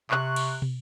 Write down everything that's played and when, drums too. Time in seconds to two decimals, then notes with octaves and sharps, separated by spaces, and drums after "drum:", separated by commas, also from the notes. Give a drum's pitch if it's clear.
0.11 C3 C#6 F#6, drum: clap
0.36 drum: cymbal
0.62 drum: tom